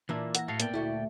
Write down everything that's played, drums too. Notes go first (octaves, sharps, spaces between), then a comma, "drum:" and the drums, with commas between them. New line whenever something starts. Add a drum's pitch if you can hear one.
A#2 E3 A#3 D4 E4
F#5 A#6, drum: hi-hat
A2 F#4 A4 F5
A#2 A#3 B3 D5 G5, drum: hi-hat
D2 A3 E4 F#4